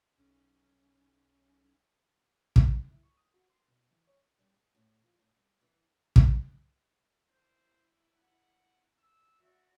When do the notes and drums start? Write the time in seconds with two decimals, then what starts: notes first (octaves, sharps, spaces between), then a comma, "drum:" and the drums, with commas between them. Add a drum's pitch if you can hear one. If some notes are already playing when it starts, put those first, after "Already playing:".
0.18 B1 C#4
2.56 drum: kick
2.77 D3
2.91 E4
3.03 C#6
3.17 D#6
3.34 F#4
3.50 C6
3.68 B2
3.91 E3
4.07 C#5
4.39 G3
4.54 G#4
4.75 A2
5.02 F3
5.19 A2
5.35 G3
5.61 E3
6.16 drum: kick
7.29 E4 C5
8.16 F#5
8.99 E6
9.41 F#4 D5 E5